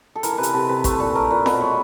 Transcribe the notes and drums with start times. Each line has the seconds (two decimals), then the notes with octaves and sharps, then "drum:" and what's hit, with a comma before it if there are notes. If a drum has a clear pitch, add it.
0.15 A4
0.23 E3 A#4, drum: hi-hat
0.33 C3 A#4 B4
0.43 drum: hi-hat
0.53 C3 A4
0.69 C3 B4
0.84 A3 B4, drum: kick, hi-hat
0.99 A#2 A4
1.15 A3 A#4
1.31 A#2 B4
1.46 B2 B4, drum: snare F4
1.61 G#3 C#5